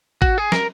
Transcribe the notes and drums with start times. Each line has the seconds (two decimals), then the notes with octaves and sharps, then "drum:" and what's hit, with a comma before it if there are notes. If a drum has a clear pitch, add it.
0.22 F#4, drum: kick G#1
0.38 G#4
0.52 A#4, drum: snare